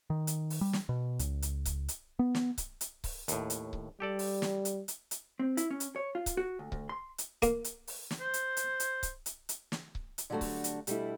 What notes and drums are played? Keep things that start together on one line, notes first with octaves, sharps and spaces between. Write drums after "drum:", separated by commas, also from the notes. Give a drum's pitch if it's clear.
D#3
drum: hi-hat
drum: open hi-hat
G3
drum: snare
B2
C#2, drum: hi-hat
drum: hi-hat
drum: kick C#1, hi-hat
drum: hi-hat
B3
drum: snare
drum: kick C#1, hi-hat
drum: hi-hat
drum: kick C#1, open hi-hat
D#2 A2, drum: hi-hat
drum: hi-hat
drum: kick C#1
G3 G4 A4 D5
drum: open hi-hat
drum: snare
drum: hi-hat
drum: hi-hat
drum: hi-hat
C4
E4, drum: hi-hat
C#4
drum: hi-hat
C#5
F4
drum: kick C#1, hi-hat
F#4
D2
D2, drum: kick C#1
C6
drum: hi-hat
A#3, drum: kick C#1, hi-hat
drum: hi-hat
drum: open hi-hat
drum: snare
C5
drum: hi-hat
drum: hi-hat
drum: hi-hat
drum: kick C#1, hi-hat
drum: hi-hat
drum: hi-hat
drum: snare
drum: kick C#1
drum: hi-hat
D3 F#3 G3 A3 D4 F#4
drum: kick C#1, open hi-hat
drum: hi-hat
B2 G3 A3 C4 D4 E4, drum: hi-hat